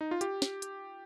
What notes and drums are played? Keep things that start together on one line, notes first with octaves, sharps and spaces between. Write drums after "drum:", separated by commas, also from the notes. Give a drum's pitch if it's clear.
D#4
F4
G4, drum: hi-hat
drum: snare
drum: hi-hat